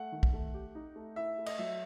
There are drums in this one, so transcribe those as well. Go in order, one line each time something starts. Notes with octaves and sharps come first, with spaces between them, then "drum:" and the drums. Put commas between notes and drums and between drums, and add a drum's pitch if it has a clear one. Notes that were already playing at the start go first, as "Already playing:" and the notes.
Already playing: A3 F#5
D#3
drum: kick
A3
G4
D#4
A3
E4 E5
A3
D#5, drum: cymbal
F#3 E5